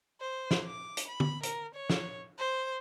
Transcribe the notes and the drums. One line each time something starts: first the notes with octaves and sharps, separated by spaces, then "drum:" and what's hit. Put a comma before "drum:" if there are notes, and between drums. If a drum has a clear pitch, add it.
C5
drum: snare
D6
drum: hi-hat
B5
drum: tom D3
A#4, drum: hi-hat
C#5
drum: snare
C5